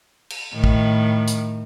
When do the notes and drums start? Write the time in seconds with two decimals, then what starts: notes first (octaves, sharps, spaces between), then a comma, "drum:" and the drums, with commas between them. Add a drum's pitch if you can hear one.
0.30 drum: cymbal
0.54 A2 D#3
0.64 drum: kick
1.28 drum: hi-hat